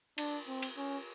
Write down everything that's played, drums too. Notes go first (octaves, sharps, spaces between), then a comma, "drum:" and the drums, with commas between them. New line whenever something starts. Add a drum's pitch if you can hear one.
D4, drum: cymbal
C4
drum: cymbal
C#4